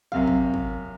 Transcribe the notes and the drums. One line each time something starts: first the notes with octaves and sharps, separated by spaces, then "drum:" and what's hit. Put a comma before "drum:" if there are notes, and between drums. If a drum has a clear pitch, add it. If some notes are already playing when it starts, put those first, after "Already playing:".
F#2 C3 F5, drum: kick
drum: kick
drum: kick